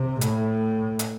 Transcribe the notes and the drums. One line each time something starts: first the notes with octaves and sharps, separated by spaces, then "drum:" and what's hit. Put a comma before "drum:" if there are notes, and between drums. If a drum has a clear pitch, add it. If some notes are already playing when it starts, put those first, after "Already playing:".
Already playing: C3
A2, drum: hi-hat
drum: hi-hat